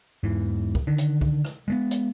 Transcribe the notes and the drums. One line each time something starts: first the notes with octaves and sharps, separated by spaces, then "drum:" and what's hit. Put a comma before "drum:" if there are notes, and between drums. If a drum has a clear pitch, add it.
E2 G#2 E3
drum: kick
D3 D#3
drum: hi-hat
drum: kick
drum: rim click
G#3 A3 B3
drum: hi-hat